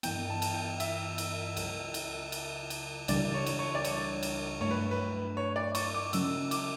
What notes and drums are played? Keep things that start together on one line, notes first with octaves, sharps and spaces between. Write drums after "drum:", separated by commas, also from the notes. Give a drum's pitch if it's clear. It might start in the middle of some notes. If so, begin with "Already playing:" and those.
G2 E3 B3 G5, drum: cymbal
A5
drum: cymbal
G5
E5, drum: cymbal
drum: cymbal
C#2 C#3 F#3, drum: cymbal
drum: cymbal
drum: cymbal
drum: cymbal
C#2 C#3 E3 G3 D4 D5, drum: cymbal
C#5
drum: cymbal
C#5
D5
C#5, drum: cymbal
drum: cymbal
G2 F#3 A3 D4 C#5
B4
B4
C#5
D5
C#6, drum: cymbal
D6
C#3 F#3 C#4 E6, drum: cymbal
D6, drum: cymbal